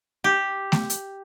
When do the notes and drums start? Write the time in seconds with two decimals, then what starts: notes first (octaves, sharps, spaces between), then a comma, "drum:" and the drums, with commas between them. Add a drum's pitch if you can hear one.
0.24 G4
0.72 drum: snare A3
0.90 drum: hi-hat